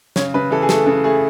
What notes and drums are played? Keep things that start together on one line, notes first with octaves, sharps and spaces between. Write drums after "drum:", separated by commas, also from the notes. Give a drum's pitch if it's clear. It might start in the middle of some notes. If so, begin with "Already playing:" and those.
C#3 C#5, drum: snare
C#3 B4
E3 A4
G#4
A3 A4, drum: snare
C#3 A4
A3 G#4